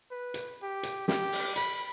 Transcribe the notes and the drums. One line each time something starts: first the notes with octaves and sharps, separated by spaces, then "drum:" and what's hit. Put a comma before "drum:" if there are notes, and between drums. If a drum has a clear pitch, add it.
B4
drum: hi-hat
G4
drum: hi-hat
G4, drum: snare
drum: open hi-hat
B5, drum: hi-hat